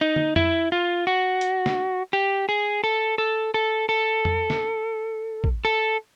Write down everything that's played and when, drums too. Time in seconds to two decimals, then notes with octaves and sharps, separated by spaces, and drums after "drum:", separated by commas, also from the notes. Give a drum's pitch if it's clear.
0.01 D#4
0.16 drum: tom
0.36 E4, drum: tom F2
0.72 F4
1.07 F#4
1.41 drum: hi-hat
1.66 drum: snare
2.13 G4
2.49 G#4
2.84 A4
3.18 A4
3.54 A4
3.89 A4
4.25 drum: tom F2
4.50 drum: snare
5.44 drum: kick A1
5.65 A4